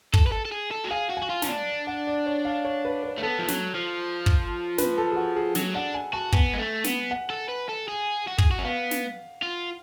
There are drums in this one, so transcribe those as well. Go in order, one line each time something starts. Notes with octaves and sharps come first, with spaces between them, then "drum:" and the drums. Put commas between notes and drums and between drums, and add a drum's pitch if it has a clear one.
A4, drum: kick
B4
A4
A4
G#4
A4
F#4
G#4 F5
F#4
G#5
F#4
F4
C#4 A5, drum: snare
D4
F#5
D5
C#5
F5
C#5
B4
B4
A3
B3 A4
F3
F#3, drum: snare
F3
drum: kick
B4, drum: snare
A4
G#4
F#4
G#4
F#3 G#4, drum: snare
D4 F#5
G#5
F#4 A5
B3 G#5, drum: kick
G#3
A3
B3, drum: snare
F#5
A4
B4
A4
G#4
F#4
G#4, drum: kick
F#4
C#4
B3 F5
drum: snare
F4